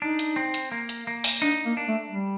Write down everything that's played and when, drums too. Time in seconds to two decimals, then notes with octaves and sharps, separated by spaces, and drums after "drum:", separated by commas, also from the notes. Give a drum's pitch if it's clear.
0.02 D4 D#4
0.19 drum: hi-hat
0.36 C4
0.54 drum: hi-hat
0.72 A#3
0.89 drum: hi-hat
1.07 A#3
1.24 drum: open hi-hat
1.42 D4 D#4
1.66 A#3
1.77 D4
1.88 A3
2.12 G3